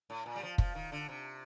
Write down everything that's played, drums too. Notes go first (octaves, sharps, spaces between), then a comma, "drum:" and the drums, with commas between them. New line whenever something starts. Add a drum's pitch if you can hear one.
A2
A#2
G3
F3
F3, drum: kick
D#3
D3
C3